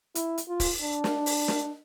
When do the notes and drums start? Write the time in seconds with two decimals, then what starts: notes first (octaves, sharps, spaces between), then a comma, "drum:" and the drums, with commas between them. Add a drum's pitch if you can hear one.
0.15 E4, drum: hi-hat
0.38 drum: hi-hat
0.48 F4
0.60 drum: kick, open hi-hat
0.82 D4
1.04 drum: snare
1.26 drum: open hi-hat
1.48 drum: snare